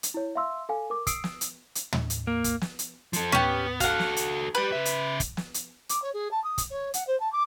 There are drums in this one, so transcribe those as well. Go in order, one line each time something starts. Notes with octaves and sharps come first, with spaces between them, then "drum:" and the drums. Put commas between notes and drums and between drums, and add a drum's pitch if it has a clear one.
drum: hi-hat
E4 C#5
E5 F5 C6 E6
A4 F5 G#5
A#4 D6
D#6 E6 C7 D7, drum: kick, hi-hat
drum: snare
drum: hi-hat
drum: hi-hat
drum: tom
drum: hi-hat
A#3
drum: kick, hi-hat
drum: snare
drum: hi-hat
F3 A4, drum: hi-hat
B3 C#4 G4, drum: tom
F#4 A4 F5 F#5, drum: kick, hi-hat
drum: snare
drum: hi-hat
G4 B4 B5
C#3 E5
drum: hi-hat
drum: kick, hi-hat
drum: snare
drum: hi-hat
D6, drum: hi-hat
C#5
G#4
A5
D#6
drum: kick, hi-hat
C#5
F#5, drum: hi-hat
C5
A5
D6